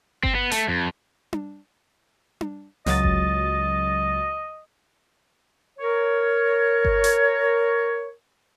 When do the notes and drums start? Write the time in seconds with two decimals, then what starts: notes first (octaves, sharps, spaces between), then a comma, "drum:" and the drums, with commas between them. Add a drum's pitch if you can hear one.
0.23 C4, drum: kick G1
0.35 B3
0.51 A3, drum: hi-hat
0.68 F2
1.33 drum: tom D4
2.41 drum: tom D4
2.86 C#2 F#3 D#5 A6, drum: snare
3.03 drum: kick G1
5.80 A#4 C#5
6.85 drum: kick G1
7.04 drum: hi-hat